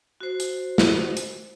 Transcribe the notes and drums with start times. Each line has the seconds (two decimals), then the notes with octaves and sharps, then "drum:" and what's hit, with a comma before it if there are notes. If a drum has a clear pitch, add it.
0.21 F#4 C5
0.40 drum: hi-hat
0.78 drum: snare
1.17 drum: hi-hat